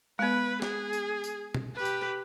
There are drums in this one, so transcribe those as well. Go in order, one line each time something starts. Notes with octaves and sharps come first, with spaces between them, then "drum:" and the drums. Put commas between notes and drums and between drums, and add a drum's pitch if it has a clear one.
G#3 B3 B4
G#4, drum: snare
drum: tambourine
drum: tambourine
drum: tom
G4 B4
drum: tambourine